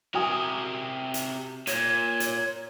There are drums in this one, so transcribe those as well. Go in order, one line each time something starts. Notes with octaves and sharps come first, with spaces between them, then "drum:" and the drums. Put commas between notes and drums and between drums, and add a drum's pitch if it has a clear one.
C3 F#4 A#4 G#5 D#6
drum: hi-hat
A#2 C#5, drum: hi-hat
drum: hi-hat